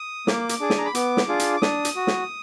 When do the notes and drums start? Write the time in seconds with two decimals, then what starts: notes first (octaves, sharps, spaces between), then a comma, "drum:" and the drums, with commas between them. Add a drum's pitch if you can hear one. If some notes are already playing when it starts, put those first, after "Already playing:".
Already playing: D#6
0.27 A#3 D6, drum: snare
0.49 drum: hi-hat
0.60 D4 G#4
0.70 G#5, drum: snare
0.78 A#5
0.85 B5
0.95 B3 D6, drum: hi-hat
1.17 drum: snare
1.29 D4 F4 G#4
1.39 drum: hi-hat
1.56 D6
1.62 D4 D#6, drum: snare
1.85 drum: hi-hat
1.96 F#4
2.07 drum: snare